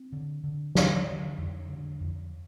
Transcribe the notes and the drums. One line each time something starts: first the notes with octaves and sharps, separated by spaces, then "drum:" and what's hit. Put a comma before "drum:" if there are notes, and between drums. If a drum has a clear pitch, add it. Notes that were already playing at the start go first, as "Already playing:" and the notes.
Already playing: C4
D3
D3
D3, drum: snare
D3
F2
D3
F2